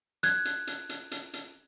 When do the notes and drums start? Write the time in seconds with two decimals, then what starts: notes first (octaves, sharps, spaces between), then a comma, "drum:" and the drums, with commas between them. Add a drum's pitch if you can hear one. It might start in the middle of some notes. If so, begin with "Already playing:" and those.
0.23 F#6 G#6, drum: hi-hat
0.45 drum: hi-hat
0.67 drum: hi-hat
0.89 drum: hi-hat
1.11 drum: hi-hat
1.33 drum: hi-hat